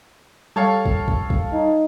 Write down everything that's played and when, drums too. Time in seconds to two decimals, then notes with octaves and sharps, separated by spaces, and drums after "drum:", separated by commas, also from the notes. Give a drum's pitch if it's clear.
0.56 G3 A4 C#5 F5
0.86 drum: kick
1.08 drum: kick
1.30 drum: kick
1.52 D#4